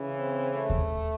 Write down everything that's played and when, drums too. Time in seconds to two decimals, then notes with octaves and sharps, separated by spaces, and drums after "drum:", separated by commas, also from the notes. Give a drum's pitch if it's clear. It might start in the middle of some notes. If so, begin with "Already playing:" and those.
Already playing: C#3 E3
0.16 C4
0.52 A3
0.70 drum: kick D#2